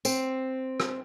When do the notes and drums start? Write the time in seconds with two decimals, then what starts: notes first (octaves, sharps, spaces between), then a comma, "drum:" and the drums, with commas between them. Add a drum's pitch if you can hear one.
0.05 C4, drum: tambourine
0.80 drum: rim click